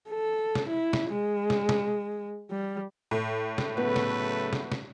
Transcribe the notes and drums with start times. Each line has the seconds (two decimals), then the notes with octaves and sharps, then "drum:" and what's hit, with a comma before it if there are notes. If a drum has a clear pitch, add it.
0.10 A4
0.55 drum: snare
0.69 E4
0.93 drum: snare
1.11 G#3
1.50 drum: snare
1.69 drum: snare
2.51 G3
3.11 A2
3.58 drum: snare
3.77 C#3 F#3 A3 B3 B4
3.96 drum: snare
4.53 drum: snare
4.72 drum: snare